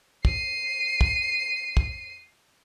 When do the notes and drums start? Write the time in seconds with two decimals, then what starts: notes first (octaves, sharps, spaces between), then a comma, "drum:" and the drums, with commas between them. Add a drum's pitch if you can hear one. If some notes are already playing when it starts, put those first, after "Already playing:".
0.25 C7 D#7, drum: kick
1.01 drum: kick
1.77 drum: kick